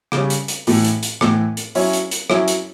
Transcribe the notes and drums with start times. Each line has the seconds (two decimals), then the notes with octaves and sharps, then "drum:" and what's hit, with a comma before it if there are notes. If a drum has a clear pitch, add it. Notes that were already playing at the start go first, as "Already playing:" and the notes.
0.12 C#3 G3 C#4, drum: rim click
0.30 drum: hi-hat
0.48 drum: hi-hat
0.67 A2 E3 A3, drum: open hi-hat
0.85 drum: hi-hat
1.03 drum: hi-hat
1.21 A2 E3 A3, drum: rim click
1.57 drum: hi-hat
1.75 F#3 C#4 E4, drum: open hi-hat
1.93 drum: hi-hat
2.11 drum: hi-hat
2.30 F#3 C#4 E4, drum: rim click
2.48 drum: hi-hat